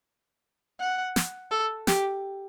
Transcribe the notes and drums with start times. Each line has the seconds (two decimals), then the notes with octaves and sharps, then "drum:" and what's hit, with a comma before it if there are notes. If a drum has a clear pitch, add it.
0.80 F#5
1.16 drum: snare
1.51 A4
1.87 G4, drum: snare